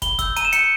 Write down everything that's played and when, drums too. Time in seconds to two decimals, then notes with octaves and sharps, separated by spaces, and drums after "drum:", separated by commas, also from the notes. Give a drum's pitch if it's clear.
0.02 B5 G7, drum: kick, hi-hat
0.19 E6 G6, drum: kick, hi-hat
0.37 A#5 D#7, drum: hi-hat
0.45 E7
0.53 E6 G6 C#7, drum: hi-hat